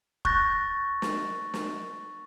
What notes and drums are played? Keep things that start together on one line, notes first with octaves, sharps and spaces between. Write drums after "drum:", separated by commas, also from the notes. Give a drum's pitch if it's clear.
C#6 F#6 G6 A6 A#6, drum: kick E1
drum: snare
drum: snare